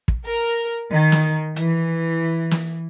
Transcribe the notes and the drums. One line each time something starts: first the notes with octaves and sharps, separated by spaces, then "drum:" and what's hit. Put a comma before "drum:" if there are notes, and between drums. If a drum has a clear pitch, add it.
drum: kick
A#4
D#3
drum: snare
E3, drum: hi-hat
drum: snare